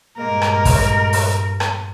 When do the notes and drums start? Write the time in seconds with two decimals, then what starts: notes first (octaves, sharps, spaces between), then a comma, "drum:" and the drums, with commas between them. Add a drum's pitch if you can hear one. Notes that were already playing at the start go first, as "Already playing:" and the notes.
0.18 G2 A#2 G#3 A#3 A#4
0.42 drum: rim click
0.65 drum: kick, open hi-hat
1.13 drum: open hi-hat
1.60 drum: rim click